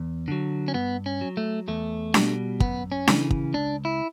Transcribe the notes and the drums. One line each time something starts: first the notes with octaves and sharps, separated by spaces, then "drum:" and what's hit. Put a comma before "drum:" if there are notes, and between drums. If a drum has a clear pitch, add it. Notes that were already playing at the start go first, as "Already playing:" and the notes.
Already playing: E2
D3 F#3
C#4
G2 B3
C#4
F#3
A3
E2 A3
B2 G3, drum: snare D4
F#2 B3, drum: kick
C#4
C#3 E3, drum: snare D4
drum: kick
C#2 D4
E4